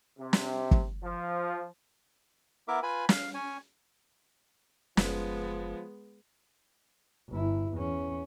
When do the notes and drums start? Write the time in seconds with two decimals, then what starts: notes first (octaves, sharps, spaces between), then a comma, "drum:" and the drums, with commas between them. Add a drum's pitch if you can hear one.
0.19 C3
0.33 drum: snare
0.71 drum: kick
1.02 F3
2.68 B3 E4 A#4 E5 D6
2.83 F4 B4 G#5 B5
3.09 F5, drum: snare
3.34 C#4 C#5 G#5
4.97 F#1 F3 G#3 B3, drum: snare
7.29 G1 E4
7.73 E2 C#4